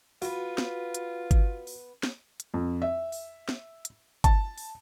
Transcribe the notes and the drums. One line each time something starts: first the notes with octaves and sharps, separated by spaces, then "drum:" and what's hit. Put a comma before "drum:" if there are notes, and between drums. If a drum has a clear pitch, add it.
B3 F4 F#4 B4, drum: open hi-hat
drum: snare
drum: hi-hat
drum: kick G1, hi-hat
drum: open hi-hat
drum: snare
drum: hi-hat
F2
E5
drum: open hi-hat
drum: snare
drum: hi-hat
A5, drum: kick G1, hi-hat
drum: open hi-hat